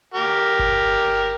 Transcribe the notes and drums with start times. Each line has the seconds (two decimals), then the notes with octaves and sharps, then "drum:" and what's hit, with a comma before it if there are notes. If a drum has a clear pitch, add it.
0.14 G4 A#4
0.59 drum: kick G1